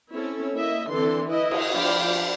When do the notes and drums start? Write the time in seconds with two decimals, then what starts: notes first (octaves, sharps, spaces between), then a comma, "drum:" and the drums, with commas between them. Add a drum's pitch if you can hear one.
0.12 C4 C#4 E4 A4 C#5
0.55 A#3 E4 D#5 E5
0.90 D3 E3 C4 A4 C6
1.28 E4 B4 D#5
1.51 drum: cymbal
1.72 F3 D4 D5 F5 G5 B5